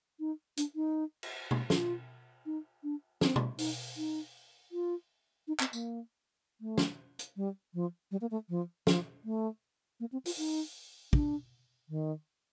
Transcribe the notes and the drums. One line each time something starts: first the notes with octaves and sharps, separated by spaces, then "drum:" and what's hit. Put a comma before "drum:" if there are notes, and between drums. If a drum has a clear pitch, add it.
D#4
D4, drum: hi-hat
D#4
drum: cymbal
drum: tom B2
F4, drum: snare
D#4
D4
C4, drum: snare
drum: tom B2
D#4, drum: open hi-hat
D#4
F4
D#4
C4, drum: clap
A#3, drum: tambourine
A3
drum: snare
drum: hi-hat
G3
F3
G3
A#3
A3
F3
F3, drum: snare
A3
A#3
C4
F4, drum: open hi-hat
D#4
D4, drum: kick
D#3